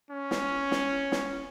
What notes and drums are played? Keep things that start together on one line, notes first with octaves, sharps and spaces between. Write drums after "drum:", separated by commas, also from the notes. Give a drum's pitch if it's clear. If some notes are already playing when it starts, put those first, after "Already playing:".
C#4
drum: snare
drum: snare
drum: snare